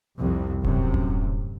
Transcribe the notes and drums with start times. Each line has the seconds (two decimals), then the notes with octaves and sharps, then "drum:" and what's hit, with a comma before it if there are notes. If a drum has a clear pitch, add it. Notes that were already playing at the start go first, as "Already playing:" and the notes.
0.18 C2 F2
0.65 F#2 A2 C3, drum: kick D#1
0.94 drum: kick D#1